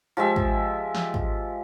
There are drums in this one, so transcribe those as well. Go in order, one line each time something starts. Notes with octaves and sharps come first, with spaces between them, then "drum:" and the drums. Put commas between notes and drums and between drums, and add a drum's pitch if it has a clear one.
F3 G#3 G4 E5
drum: kick
drum: snare
drum: kick